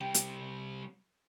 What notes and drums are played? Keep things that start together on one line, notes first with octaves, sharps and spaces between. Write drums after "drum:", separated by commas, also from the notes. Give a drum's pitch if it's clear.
C3 G3 G5
drum: hi-hat